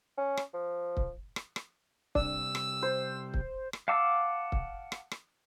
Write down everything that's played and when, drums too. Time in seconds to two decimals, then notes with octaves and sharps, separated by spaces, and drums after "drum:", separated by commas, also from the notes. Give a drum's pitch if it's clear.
0.18 C#4
0.37 drum: rim click
0.54 F3
0.97 drum: kick C#1
1.36 drum: rim click
1.56 drum: rim click
2.15 C3 G3 D4 E6, drum: kick C#1
2.55 drum: rim click
2.82 C5
3.34 drum: kick C#1
3.73 drum: rim click
3.88 F5 F#5 A5 D6 E6
4.52 drum: kick C#1
4.92 drum: rim click
5.11 drum: rim click